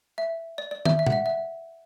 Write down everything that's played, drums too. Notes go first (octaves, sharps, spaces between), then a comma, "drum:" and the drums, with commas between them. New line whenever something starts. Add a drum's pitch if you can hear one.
E5
D5
D5
E5, drum: tom
E5
F#5, drum: tom B2
E5
E5